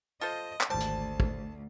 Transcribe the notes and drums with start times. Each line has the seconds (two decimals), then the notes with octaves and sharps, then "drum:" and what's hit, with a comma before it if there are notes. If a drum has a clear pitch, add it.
0.21 F4 A4 C5 D#5
0.61 drum: clap
0.70 G#1 D2 G3 C5 A5
0.80 drum: hi-hat
1.20 drum: kick